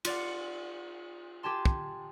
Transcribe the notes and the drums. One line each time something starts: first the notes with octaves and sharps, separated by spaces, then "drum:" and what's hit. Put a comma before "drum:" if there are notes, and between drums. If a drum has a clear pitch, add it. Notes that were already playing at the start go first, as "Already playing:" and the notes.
F4 D5 F#5, drum: cymbal
G4 G#5 A5 C6
drum: kick